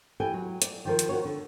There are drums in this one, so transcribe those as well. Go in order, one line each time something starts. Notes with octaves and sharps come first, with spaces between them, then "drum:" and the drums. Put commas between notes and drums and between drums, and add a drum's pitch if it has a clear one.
E3 G4 A4 G5 G#5
F#3
D5, drum: hi-hat
D#3 F3 A#4
drum: hi-hat
D#3 F#4 C#5
D3